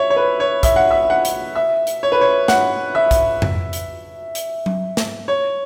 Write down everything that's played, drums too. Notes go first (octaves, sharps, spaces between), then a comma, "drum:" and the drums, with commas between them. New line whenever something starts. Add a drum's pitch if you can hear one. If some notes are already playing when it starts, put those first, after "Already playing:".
Already playing: C#5 E5
C#5
B4
C#5
E5, drum: kick, hi-hat
F#5
E5
F#5
drum: hi-hat
E5
drum: hi-hat
C#5
B4
C#5
F#5, drum: snare
E5
drum: kick, hi-hat
drum: tom F2
drum: hi-hat
drum: hi-hat
drum: tom F#3
drum: snare
C#5